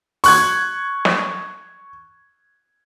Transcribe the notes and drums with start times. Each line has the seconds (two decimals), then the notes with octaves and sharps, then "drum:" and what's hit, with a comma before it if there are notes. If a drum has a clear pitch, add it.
0.24 C#6 F#6 G#6, drum: open hi-hat
1.05 drum: snare